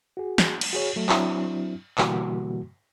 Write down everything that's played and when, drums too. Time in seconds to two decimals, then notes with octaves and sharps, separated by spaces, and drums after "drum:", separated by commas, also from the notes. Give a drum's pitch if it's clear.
0.17 F#4 G#4
0.38 drum: snare
0.61 drum: cymbal
0.73 F#4 G#4 C#5
0.96 F#3 A3
1.09 F#3 C4 D4 E4, drum: clap
1.98 B2 D3 E3 G3 A#3 F#4, drum: clap